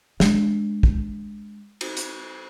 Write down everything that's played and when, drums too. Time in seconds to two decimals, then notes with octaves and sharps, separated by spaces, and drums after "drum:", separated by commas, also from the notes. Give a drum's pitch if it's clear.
0.20 G#3 D4, drum: snare
0.83 drum: kick
1.81 drum: cymbal
1.97 drum: hi-hat